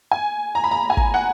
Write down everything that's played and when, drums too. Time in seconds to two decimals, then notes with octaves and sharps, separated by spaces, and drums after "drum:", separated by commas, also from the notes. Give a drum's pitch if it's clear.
0.11 G#5
0.55 A#5
0.64 B5
0.71 A#5
0.90 G#5
0.97 A#5, drum: kick
1.14 F#5